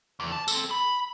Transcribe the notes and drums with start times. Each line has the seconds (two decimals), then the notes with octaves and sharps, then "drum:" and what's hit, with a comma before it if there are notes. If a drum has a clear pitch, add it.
0.20 E2
0.32 A5
0.48 C4 A4, drum: tambourine
0.71 B5